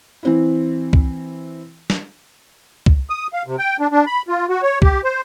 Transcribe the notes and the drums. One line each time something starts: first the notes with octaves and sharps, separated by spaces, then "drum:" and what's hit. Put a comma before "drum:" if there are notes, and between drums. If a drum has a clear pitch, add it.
E3 C4 E4
drum: kick
drum: snare
drum: kick
D#6
F5
C3
G5
D4
D4
B5
F4
F#4
C#5
G4, drum: kick
C5